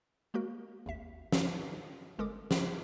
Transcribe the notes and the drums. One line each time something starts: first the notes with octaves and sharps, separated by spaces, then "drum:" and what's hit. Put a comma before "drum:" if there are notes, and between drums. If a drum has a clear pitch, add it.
G#3 A#3 F#4 A#4
G#1 D#2 E5 B6
drum: snare
G1 G#3 A4 A#4 D6 D#6
drum: snare